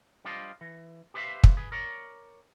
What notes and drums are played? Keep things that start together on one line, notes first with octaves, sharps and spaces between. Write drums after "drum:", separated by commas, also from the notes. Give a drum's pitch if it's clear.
G3 D4 F4 G4 C5 D#5
E3
G4 B4 C5 D5 E5 F5
drum: kick
G#4 B4
A#4 C#5 D5